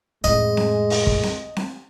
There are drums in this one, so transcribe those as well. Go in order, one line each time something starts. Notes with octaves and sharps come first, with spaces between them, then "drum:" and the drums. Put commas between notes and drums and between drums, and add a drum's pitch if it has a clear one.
F2 A2 G#3 D#5, drum: hi-hat
drum: snare C4
drum: open hi-hat
drum: kick
drum: snare C4
drum: snare C4